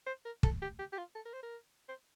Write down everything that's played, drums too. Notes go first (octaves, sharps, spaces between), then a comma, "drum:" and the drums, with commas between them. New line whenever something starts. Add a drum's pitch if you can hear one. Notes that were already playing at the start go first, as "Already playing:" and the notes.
C5
A#4
A4, drum: kick
G4
G4
G4
F4
A4
A#4
C5
A#4
C5